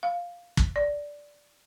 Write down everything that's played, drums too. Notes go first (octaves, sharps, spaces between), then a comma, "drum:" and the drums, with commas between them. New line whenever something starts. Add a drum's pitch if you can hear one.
F5
drum: kick
D5